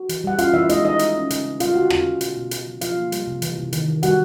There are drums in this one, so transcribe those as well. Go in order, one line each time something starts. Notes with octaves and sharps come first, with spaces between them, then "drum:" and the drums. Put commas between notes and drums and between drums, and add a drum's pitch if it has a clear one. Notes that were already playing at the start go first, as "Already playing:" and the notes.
Already playing: F#4
E3, drum: hi-hat
G3 F#5
C#4 F4 F5, drum: hi-hat
E3 E4 E5
G#3 D#4 D#5, drum: hi-hat
E3 D#4 D#5
G#3, drum: hi-hat
C#4
C#3, drum: hi-hat
C4
G3 F4 F5, drum: hi-hat
D3 F#4 F#5
C#4 F4 F5, drum: rim click
C#4
B2, drum: hi-hat
B2
C#3, drum: hi-hat
F#3
F3 F4 F5, drum: hi-hat
A#3
G3, drum: hi-hat
C3
E3, drum: hi-hat
C3
D#3, drum: hi-hat
D#3
G3 F#4 F#5, drum: hi-hat